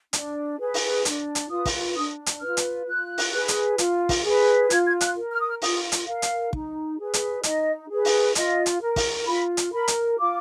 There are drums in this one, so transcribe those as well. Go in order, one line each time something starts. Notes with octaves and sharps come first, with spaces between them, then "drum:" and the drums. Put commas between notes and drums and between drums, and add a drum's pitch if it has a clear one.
D4, drum: hi-hat
G#4 B4
drum: open hi-hat
D4, drum: hi-hat
drum: hi-hat
F4 B4 D#6
drum: kick, open hi-hat
D4 D#6
drum: hi-hat
F4 B4 F6
drum: hi-hat
F4 F#6
drum: open hi-hat
G#4 B4
drum: hi-hat
F4, drum: hi-hat
drum: kick, open hi-hat
G#4 B4
F4 G#6, drum: hi-hat
G#6
F#6, drum: hi-hat
A#4
F6
D#6
F6
F4 D#6, drum: open hi-hat
drum: hi-hat
A#4 F5
drum: hi-hat
D#4, drum: kick
G#4 B4
drum: hi-hat
D#4 D#5, drum: hi-hat
G#4 B4
drum: open hi-hat
F4 D#5, drum: hi-hat
drum: hi-hat
A#4
drum: kick, open hi-hat
F4 B5
drum: hi-hat
A#4 B5
drum: hi-hat
F4 D6